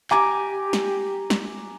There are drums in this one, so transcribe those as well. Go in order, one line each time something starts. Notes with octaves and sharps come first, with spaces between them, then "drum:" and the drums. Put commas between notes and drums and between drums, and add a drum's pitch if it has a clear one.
G4 G#5 A#5 D6, drum: clap
drum: snare
drum: snare